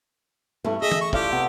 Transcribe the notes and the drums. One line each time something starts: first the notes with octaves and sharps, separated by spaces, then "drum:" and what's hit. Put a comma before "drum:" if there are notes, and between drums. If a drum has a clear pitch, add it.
G2 A3 B3 E4 C#6
G#4 D#5 E5
drum: tom
C#6
E4 F4 G4 A4 D5 F5, drum: kick
C3 B3